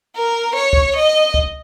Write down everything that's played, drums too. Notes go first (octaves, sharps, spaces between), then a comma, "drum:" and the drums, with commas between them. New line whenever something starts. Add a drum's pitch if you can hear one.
A#4
C#5
drum: kick C#2
D#5
drum: kick C#2